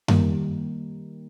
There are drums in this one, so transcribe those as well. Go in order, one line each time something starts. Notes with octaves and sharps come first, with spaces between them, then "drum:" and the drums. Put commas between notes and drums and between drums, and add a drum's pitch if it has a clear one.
D#3 G3 A#3, drum: tom F#2